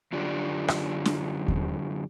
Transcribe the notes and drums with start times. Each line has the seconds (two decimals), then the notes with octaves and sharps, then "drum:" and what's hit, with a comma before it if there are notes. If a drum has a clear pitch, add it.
0.12 F#2 D3 D4 F4 G4 D5
0.68 drum: rim click
1.05 drum: snare
1.48 drum: kick D#2